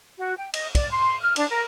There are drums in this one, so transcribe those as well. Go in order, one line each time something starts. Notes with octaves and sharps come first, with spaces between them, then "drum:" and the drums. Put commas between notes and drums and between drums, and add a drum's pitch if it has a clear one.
F#4
G5
D#5, drum: cymbal
D5, drum: kick, cymbal
C6
F6
D4, drum: cymbal
A#4